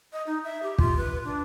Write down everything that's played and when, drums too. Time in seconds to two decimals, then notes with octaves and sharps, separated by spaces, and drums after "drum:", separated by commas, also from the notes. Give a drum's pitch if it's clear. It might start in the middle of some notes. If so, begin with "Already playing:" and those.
0.13 D#5
0.27 D#4
0.44 E5
0.63 G4
0.78 F4, drum: kick
0.98 B4
1.25 D4